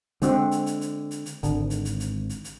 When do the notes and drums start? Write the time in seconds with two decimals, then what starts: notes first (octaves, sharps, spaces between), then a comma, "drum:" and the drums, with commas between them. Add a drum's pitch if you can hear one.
0.22 D3 G#3 C4 F#4, drum: hi-hat
0.51 drum: hi-hat
0.66 drum: hi-hat
0.81 drum: hi-hat
1.11 drum: hi-hat
1.26 drum: hi-hat
1.43 G#1 D3, drum: hi-hat
1.70 drum: hi-hat
1.85 drum: hi-hat
2.00 drum: hi-hat
2.29 drum: hi-hat
2.44 drum: hi-hat